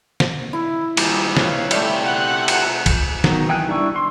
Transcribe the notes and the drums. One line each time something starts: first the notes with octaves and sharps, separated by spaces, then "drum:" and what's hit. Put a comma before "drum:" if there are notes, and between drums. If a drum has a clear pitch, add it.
drum: snare
E4
D#2 G3, drum: cymbal
B4 C#5 F5, drum: snare
G3 A3 G4 E5, drum: cymbal
F#5
drum: cymbal
drum: kick B1, cymbal
D#3 F#3 B3, drum: snare
E3 D#4 G5 G#5 F#6
G3 D4 E4 C#6 E6
C6